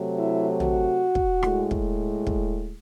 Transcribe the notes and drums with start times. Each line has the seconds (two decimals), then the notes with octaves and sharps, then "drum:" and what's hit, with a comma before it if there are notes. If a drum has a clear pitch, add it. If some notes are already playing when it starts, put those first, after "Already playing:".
Already playing: C3 F#3 A3
0.18 E4
0.60 F#4, drum: tom
1.15 drum: kick
1.43 A2 G#3, drum: rim click
1.71 drum: kick
2.27 drum: kick